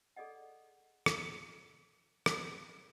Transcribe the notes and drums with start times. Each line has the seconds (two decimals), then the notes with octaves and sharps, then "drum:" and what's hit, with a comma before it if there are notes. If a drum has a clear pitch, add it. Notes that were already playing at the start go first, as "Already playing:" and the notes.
0.16 G#4 A4 D5 D#5 F#5
1.06 drum: rim click
2.26 drum: rim click